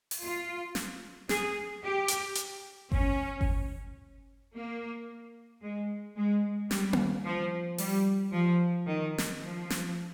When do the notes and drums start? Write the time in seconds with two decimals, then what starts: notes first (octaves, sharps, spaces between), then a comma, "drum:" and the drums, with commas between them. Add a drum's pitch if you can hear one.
0.11 drum: open hi-hat
0.21 F4
0.75 drum: snare
1.29 G#4, drum: snare
1.83 G4
2.08 drum: hi-hat
2.35 drum: hi-hat
2.92 C#4, drum: kick G1
3.41 drum: kick G1
4.54 A#3
5.62 G#3
6.16 G#3
6.71 G3, drum: snare
6.93 drum: tom A#3
7.25 F3
7.78 G3, drum: open hi-hat
8.32 F3
8.87 D#3
9.18 drum: snare
9.41 F3
9.70 drum: snare